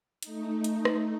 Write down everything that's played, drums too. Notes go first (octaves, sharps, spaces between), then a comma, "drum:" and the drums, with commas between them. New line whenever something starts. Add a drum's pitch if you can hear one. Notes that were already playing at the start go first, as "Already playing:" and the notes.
A3 D#4, drum: hi-hat
drum: hi-hat
drum: rim click